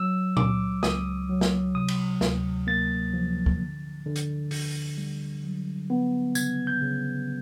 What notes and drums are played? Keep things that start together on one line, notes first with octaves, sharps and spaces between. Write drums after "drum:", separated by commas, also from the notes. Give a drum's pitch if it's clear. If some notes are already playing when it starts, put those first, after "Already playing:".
Already playing: F#3 E6
C#2 D6, drum: tom A#2
C#2 D#6, drum: snare
F#3
drum: snare
C3 D#6
drum: cymbal
D2, drum: snare
A#3 A6
F3
drum: kick
D3
D3
drum: hi-hat
D3, drum: open hi-hat
G3
F#3
B3
C#3 G#6, drum: tambourine
G6
C#3